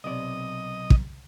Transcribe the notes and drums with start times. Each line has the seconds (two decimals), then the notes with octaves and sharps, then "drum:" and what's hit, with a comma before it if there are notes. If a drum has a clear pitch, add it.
0.04 B1 C3 D5 D#5
0.90 drum: kick